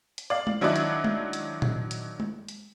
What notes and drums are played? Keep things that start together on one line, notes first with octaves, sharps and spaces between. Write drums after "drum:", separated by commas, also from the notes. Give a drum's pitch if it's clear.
drum: hi-hat
D5 F5
drum: tom G#3
D#3 F#3 D4 E4 F#4 D5
drum: hi-hat
drum: tom G#3
drum: hi-hat
drum: tom A#2
drum: hi-hat
drum: tom G#3
drum: hi-hat